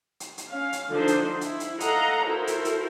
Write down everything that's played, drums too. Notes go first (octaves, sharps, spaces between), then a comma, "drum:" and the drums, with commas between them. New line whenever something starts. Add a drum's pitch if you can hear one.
drum: hi-hat
drum: hi-hat
C#4 F5
drum: hi-hat
D3 F3 D4 D#4 C5
drum: hi-hat
E4, drum: hi-hat
drum: hi-hat
A4 D#5 F5 F#5 A#5, drum: hi-hat
E4 F#4 A4 A#4 C5
drum: hi-hat
drum: hi-hat